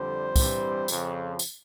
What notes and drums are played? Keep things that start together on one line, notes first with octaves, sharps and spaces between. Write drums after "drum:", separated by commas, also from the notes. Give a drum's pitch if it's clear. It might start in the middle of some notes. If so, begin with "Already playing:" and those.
Already playing: F2 D3 G3 C5
G2 E3 G3 C4, drum: kick, tambourine
F2 C#3 F3, drum: tambourine
drum: tambourine